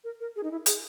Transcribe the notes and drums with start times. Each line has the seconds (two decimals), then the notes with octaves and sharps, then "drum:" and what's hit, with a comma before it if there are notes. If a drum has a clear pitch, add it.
0.04 A#4
0.20 A#4
0.36 G#4
0.44 D#4
0.51 E4
0.66 G#4, drum: hi-hat